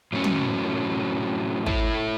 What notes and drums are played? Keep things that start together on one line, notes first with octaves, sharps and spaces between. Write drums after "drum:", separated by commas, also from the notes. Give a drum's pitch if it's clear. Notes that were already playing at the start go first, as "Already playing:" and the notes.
A2 F#3 C#4
drum: tom
A3 E4 A4 E5, drum: kick